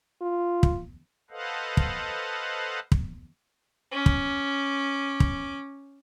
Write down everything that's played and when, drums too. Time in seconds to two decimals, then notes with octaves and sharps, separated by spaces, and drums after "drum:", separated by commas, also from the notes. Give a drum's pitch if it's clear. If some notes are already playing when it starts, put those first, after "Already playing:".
0.22 F4
0.63 drum: kick
1.31 A4 B4 C5 D#5 F5 F#5
1.77 drum: kick
2.92 drum: kick
3.92 C#4 D6
4.06 drum: kick
5.20 drum: kick